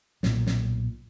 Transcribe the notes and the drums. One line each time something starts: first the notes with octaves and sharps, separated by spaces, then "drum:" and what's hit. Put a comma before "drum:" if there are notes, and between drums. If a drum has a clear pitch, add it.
B1 A#2, drum: snare
drum: snare